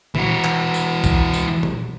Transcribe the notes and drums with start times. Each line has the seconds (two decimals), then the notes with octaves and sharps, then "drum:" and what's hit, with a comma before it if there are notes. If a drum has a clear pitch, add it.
0.15 E3 F#4, drum: tom A#2
0.44 drum: clap
0.74 drum: tambourine
1.04 drum: kick, tambourine
1.33 drum: tambourine
1.63 drum: tom A#2